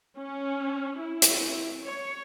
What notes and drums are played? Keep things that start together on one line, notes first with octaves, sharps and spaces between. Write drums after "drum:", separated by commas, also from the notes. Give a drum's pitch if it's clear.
C#4
E4
drum: hi-hat
C#5